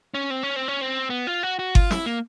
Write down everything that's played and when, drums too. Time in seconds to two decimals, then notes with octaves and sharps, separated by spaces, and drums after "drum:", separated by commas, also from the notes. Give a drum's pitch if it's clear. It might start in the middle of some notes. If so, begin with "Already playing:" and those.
0.14 C#4
0.30 C4
0.43 C#4
0.56 C4
0.68 C#4
0.81 C4
1.10 B3
1.27 F4
1.43 F#4
1.59 F#4
1.75 F4, drum: kick G1
1.91 E4, drum: snare
2.06 A#3